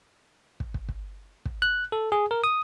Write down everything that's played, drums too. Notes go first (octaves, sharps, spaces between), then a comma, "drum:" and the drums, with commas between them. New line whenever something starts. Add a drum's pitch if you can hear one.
drum: kick
drum: kick
drum: kick
drum: kick
F#6
A4
G#4
A#4
D#6